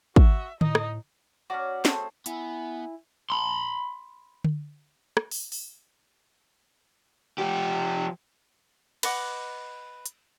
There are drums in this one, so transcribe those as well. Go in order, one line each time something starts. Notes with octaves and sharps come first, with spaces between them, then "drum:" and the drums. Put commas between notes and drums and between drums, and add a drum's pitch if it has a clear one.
F#4 E5, drum: kick
A2 D#4 D#5, drum: tom D3
drum: rim click
F#3 C#4 F#4 D5
A3 C4 G#4, drum: snare
B3 E4 G#5, drum: hi-hat
B5 C6
drum: tom D3
drum: rim click
drum: open hi-hat
drum: open hi-hat
F3 G4
B4 D#5 F#5 D6, drum: cymbal
drum: hi-hat